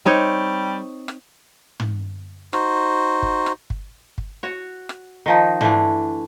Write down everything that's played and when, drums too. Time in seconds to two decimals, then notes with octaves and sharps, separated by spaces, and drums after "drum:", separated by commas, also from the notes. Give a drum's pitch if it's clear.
0.06 G3 C4 D#4 C#5
1.08 drum: rim click
1.80 drum: tom
2.53 D#4 F#4 C5, drum: rim click
3.22 drum: kick
3.46 drum: rim click
3.70 drum: kick
4.18 drum: kick
4.43 F#4 C#5
4.89 drum: rim click
5.26 D#3 F3 D#4
5.61 D3 E3 A3 D4, drum: tom